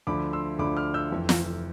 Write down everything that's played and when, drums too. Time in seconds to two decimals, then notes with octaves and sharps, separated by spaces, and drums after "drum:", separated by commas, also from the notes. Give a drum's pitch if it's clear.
0.07 D2 D3 F3 B5 D6
0.33 C6 E6
0.59 D2 D3 F3 B5 D6
0.77 D6 F6
0.94 E6 G6
1.11 F1 F2 E3
1.29 drum: snare